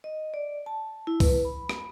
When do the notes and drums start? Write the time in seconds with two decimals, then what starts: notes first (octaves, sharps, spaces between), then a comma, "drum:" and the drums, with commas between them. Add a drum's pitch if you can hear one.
0.04 D#5
0.34 D5
0.66 A5
1.07 E4
1.20 B4, drum: kick C#2, open hi-hat
1.45 B5
1.69 drum: rim click